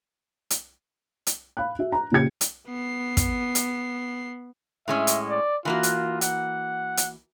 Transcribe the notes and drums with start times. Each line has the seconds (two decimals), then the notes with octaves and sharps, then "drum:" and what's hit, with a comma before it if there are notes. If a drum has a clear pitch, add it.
0.50 drum: hi-hat
1.27 drum: hi-hat
1.57 F5 B5 F#6
1.79 F#4 E5
1.92 A#5
2.12 A#2 C#3 G4 G#6 C#7
2.41 drum: hi-hat
2.68 B3 C7
3.17 drum: kick, hi-hat
3.55 drum: hi-hat
4.88 A2 G#3 C#4 E5
5.07 drum: hi-hat
5.30 D5
5.65 E3 A#3 F4 F#4
5.83 drum: hi-hat
6.21 F#5, drum: hi-hat
6.97 drum: hi-hat